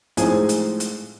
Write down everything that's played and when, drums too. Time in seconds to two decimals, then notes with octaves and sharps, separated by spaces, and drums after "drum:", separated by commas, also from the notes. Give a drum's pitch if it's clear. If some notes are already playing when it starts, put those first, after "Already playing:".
0.17 A2 F3 G#3 C4 D#4 G#4 G#5, drum: hi-hat
0.49 drum: hi-hat
0.80 drum: hi-hat